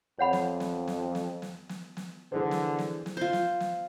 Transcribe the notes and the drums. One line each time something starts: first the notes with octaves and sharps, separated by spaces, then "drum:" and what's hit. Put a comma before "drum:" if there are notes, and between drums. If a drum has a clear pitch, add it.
F2 C#5 F#5 B5
drum: snare
drum: snare
drum: snare
drum: snare
drum: snare
drum: snare
drum: snare
D3 E3 G#4 C5
drum: snare
drum: snare
drum: snare
F4 C5
drum: snare
drum: snare